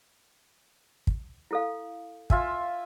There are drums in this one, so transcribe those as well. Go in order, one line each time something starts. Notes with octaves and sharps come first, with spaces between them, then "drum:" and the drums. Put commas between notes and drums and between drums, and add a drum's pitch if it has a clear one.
drum: kick
E4 A4 F5
F4 E5 G#5, drum: kick